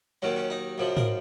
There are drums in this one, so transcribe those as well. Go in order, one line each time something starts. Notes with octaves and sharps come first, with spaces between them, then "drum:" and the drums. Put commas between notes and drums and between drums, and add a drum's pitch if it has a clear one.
D#2 D#3 F#3 C#4
C#4
D#4
F#2 C#3 F3
A#4, drum: tom